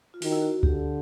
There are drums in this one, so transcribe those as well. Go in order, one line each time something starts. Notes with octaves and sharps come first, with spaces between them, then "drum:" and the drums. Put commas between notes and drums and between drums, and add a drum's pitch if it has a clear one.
F4
D#3 F#4, drum: open hi-hat
E4
F#4
D3 G4, drum: kick C#2